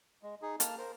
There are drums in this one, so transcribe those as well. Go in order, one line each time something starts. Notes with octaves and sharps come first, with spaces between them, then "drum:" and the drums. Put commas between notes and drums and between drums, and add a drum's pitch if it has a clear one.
G#3
D#4 G#4
A#3 A5 F6, drum: hi-hat
A#4 C5